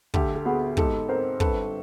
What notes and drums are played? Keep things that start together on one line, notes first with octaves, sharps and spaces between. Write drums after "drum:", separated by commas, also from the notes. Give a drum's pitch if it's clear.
D2 G4 A4, drum: kick
A4
B3 F#4 G#4
G#2 G4 A4, drum: kick
C4 A#4 C5
G1 A4 B4, drum: kick